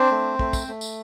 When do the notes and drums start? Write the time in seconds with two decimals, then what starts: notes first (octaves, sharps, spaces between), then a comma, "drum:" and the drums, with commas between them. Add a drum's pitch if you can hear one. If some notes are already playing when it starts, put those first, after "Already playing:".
Already playing: C4 D4 C5
0.11 A3
0.39 A3, drum: kick
0.53 drum: kick, tambourine
0.68 A3
0.81 drum: tambourine